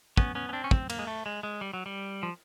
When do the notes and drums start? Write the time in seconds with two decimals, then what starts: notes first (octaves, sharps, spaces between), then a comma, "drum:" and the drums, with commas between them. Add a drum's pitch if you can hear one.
0.17 B3 C#4, drum: kick
0.35 B3 C#4
0.49 C#4
0.53 C4 D4
0.64 C#4
0.71 C4, drum: kick
0.90 A#3, drum: cymbal
0.99 G#3
1.07 A3
1.26 G#3
1.43 G#3
1.61 G3
1.74 F#3
1.86 G3
2.23 F3